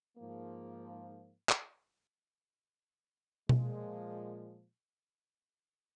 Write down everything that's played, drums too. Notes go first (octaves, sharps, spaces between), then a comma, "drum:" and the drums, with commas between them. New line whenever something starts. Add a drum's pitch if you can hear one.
G#2 F3 A#3
drum: clap
A#2 F3 G#3, drum: tom B2